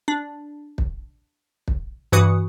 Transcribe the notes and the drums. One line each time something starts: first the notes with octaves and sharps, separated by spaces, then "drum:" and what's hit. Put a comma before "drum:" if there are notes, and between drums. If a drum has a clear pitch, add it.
D4
drum: kick
drum: kick
G2 E3 F#4 B4 D#6 C#7